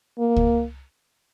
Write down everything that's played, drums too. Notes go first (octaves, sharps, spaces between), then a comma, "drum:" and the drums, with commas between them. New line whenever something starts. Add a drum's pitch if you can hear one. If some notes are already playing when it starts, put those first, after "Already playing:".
A#3
drum: kick C#2